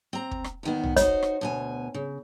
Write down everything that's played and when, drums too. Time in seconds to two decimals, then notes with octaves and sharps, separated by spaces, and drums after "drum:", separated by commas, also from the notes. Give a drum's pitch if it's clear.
0.13 C4 A#5
0.31 drum: kick
0.44 drum: rim click
0.63 E2 D#3 B3
0.83 drum: tom
0.96 D#4 F#4 C5 C#5, drum: kick, hi-hat
1.23 drum: rim click
1.41 D2 B2 G#5
1.94 C#3